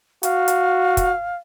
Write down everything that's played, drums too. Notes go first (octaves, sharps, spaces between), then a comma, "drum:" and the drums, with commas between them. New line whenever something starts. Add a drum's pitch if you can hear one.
F#4 F5, drum: hi-hat
drum: hi-hat
drum: kick, hi-hat